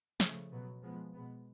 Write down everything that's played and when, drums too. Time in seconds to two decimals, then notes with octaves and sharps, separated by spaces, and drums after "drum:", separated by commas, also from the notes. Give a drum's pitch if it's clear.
0.20 C#3 F3 A3, drum: snare
0.51 B2 F#3 B3
0.82 F3 G#3 B3
1.13 B2 G#3 B3